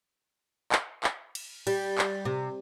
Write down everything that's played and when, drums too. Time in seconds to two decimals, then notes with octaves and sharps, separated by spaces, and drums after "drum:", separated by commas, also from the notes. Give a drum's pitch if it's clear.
0.72 drum: clap
1.04 drum: clap
1.35 drum: cymbal
1.67 G3, drum: cymbal
1.98 drum: clap
2.25 C3